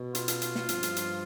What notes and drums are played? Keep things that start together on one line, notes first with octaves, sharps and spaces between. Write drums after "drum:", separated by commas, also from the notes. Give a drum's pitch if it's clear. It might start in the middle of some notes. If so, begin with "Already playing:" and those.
Already playing: B2
F4, drum: hi-hat
drum: hi-hat
drum: hi-hat
drum: snare
G2 F3, drum: hi-hat
drum: hi-hat
drum: hi-hat